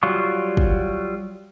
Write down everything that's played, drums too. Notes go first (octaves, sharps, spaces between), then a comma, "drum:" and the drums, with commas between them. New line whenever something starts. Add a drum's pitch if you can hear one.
F#3 G3 F4 F#4 C#6
drum: kick